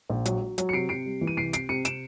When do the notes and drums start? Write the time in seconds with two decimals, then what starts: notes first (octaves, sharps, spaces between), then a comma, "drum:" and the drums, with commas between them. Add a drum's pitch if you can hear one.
0.09 A#1
0.25 F#3, drum: hi-hat
0.41 F#3
0.58 F#3, drum: hi-hat
0.69 C#7
0.73 C3 C7 D7
0.89 C3 C7 D7
1.06 G3
1.21 E3
1.27 D#7
1.37 C2 C7 D7
1.53 C3 C7 D7, drum: hi-hat
1.69 C3 C#7 D#7
1.85 C3 D7 E7, drum: hi-hat